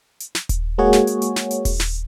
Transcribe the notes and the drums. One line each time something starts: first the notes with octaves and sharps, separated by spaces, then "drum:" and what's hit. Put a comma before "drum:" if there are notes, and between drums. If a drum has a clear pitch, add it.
drum: hi-hat
drum: snare
drum: kick D#1, hi-hat
G#3 A#3 F#4 G#4 C#5
drum: snare
drum: hi-hat
drum: hi-hat
drum: snare
drum: hi-hat
drum: kick D#1, open hi-hat
drum: snare